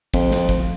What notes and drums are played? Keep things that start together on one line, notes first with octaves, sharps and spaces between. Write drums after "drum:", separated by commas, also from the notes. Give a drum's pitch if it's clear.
F2, drum: kick
drum: snare
drum: kick